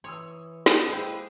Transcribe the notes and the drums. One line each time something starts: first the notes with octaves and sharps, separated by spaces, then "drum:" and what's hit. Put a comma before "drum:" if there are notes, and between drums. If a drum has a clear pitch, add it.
E3 C#5 C6 D#6 E6
B5, drum: snare
G#3 A#3 C4 E4 G#4 B4